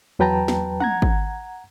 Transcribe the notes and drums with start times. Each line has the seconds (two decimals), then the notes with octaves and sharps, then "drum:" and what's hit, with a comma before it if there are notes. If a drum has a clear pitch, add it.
0.19 E2 F#3 B4 G5 A5 A#5
0.48 drum: snare
0.80 F#5 A#5 G#6, drum: tom
1.02 drum: kick G#1